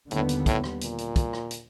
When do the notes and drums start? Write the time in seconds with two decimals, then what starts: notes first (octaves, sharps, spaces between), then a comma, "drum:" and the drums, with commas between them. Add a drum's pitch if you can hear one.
0.11 D#2 A2 D3 G3 B3, drum: hi-hat
0.29 drum: hi-hat
0.46 A2, drum: kick, hi-hat
0.64 drum: rim click
0.81 A#2, drum: hi-hat
0.98 drum: hi-hat
1.16 drum: kick, hi-hat
1.33 drum: rim click
1.51 drum: hi-hat